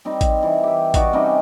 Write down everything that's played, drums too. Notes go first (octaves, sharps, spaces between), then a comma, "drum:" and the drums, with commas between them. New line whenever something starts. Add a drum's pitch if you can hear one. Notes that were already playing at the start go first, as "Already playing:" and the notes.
G3 C4 D#4
drum: kick A1, hi-hat
E3
G4 E5
D#4 F#4 D5, drum: kick A1, hi-hat
C3 G3 C#4 D#4